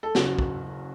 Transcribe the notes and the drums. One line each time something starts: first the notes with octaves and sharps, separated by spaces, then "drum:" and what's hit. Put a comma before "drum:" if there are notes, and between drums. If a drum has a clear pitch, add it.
A4
F#1 F#2 F#3 F#4, drum: snare
drum: kick